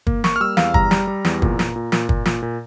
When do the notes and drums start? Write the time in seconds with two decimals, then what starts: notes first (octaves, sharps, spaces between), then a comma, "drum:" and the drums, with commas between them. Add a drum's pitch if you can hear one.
0.07 A#3, drum: kick
0.24 A#3 C#6, drum: snare
0.36 F6
0.40 G3 E6
0.57 E2 F5, drum: snare
0.74 G3 A#5, drum: kick
0.91 G3, drum: snare
1.07 G3
1.25 E2, drum: snare
1.42 A#2, drum: kick
1.59 A#2, drum: snare
1.76 A#2
1.92 A#2, drum: snare
2.09 A#2, drum: kick
2.26 A#2, drum: snare
2.42 A#2